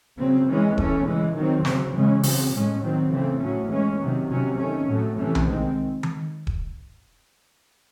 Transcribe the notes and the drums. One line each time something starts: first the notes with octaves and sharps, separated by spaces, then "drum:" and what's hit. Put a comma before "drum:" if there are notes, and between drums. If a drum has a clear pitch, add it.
C#3 F#3 C4
E3 G#3 C#4
E3 A3 C#4, drum: kick D#1
C#3 E3 G#3
D#3 F#3 C4
C#3 F#3 C4, drum: snare
C#3 E3 G#3 C#4
C#3 F#3 C4, drum: open hi-hat
A2 G#3 C#4
D#3 F#3 C4
C#3 E3 A3 C4
A2 F#3 C#4
E3 G#3 C#4
C3 D#3 F#3
C3 F#3 C#4
D#3 A3 C#4
A2 F#3 A3
C3 E3 A3 C#4
drum: tom B1
D#3 G#3 C4
drum: tom D#3
drum: kick D#1